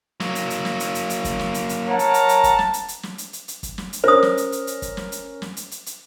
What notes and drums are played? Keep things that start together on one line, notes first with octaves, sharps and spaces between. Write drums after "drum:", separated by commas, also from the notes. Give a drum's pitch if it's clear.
F#3 A#3, drum: snare
drum: hi-hat
drum: hi-hat
drum: snare
drum: hi-hat
drum: hi-hat
drum: hi-hat
drum: kick, hi-hat
drum: snare
drum: hi-hat
drum: hi-hat
A#4 C#5 F#5 A5 A#5
drum: hi-hat
drum: hi-hat
drum: hi-hat
drum: kick, hi-hat
drum: snare
drum: hi-hat
drum: hi-hat
drum: snare
drum: hi-hat
drum: hi-hat
drum: hi-hat
drum: kick, hi-hat
drum: snare
drum: hi-hat
C#4 A#4 C5 D#6
drum: snare
drum: hi-hat
drum: hi-hat
drum: hi-hat
drum: kick, hi-hat
drum: snare
drum: hi-hat
drum: snare
drum: hi-hat
drum: hi-hat
drum: hi-hat